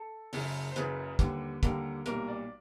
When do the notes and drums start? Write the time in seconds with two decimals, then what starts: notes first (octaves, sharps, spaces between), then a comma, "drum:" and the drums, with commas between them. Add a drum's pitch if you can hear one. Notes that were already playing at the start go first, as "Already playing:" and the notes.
Already playing: A4
0.33 F#1 F#2 C#3, drum: open hi-hat
0.71 C5
0.76 F#1 F#2 C#3 B4, drum: hi-hat
1.19 D#2 D3 G3, drum: kick, hi-hat
1.63 D#2 D3 G3 A#4, drum: kick, hi-hat
2.06 B1 A#2 G3 A#4, drum: hi-hat
2.28 D5